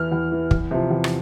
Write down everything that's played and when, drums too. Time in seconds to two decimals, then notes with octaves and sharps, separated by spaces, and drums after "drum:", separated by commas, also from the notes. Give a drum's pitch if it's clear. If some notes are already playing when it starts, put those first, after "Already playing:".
Already playing: E2 E3 F6
0.12 E2
0.32 E3
0.51 E2, drum: kick
0.71 C3 F3
0.90 E2
1.04 drum: rim click